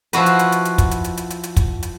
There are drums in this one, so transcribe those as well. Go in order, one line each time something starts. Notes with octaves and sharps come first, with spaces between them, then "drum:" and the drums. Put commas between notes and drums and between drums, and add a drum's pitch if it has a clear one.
F3 E4 F#4 B4, drum: hi-hat
drum: hi-hat
drum: hi-hat
drum: hi-hat
drum: hi-hat
drum: kick, hi-hat
drum: hi-hat
drum: hi-hat
drum: hi-hat
drum: hi-hat
drum: hi-hat
drum: kick, hi-hat
drum: hi-hat